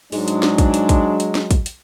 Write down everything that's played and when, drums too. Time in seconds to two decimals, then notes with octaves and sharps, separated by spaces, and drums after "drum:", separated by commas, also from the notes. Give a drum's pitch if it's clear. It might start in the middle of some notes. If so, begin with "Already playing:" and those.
0.12 G#2 F#3 G#3 D4, drum: open hi-hat
0.28 drum: hi-hat
0.43 drum: snare
0.58 drum: kick, hi-hat
0.74 drum: hi-hat
0.89 drum: kick, hi-hat
1.20 drum: hi-hat
1.35 drum: snare
1.51 drum: kick, hi-hat
1.66 drum: hi-hat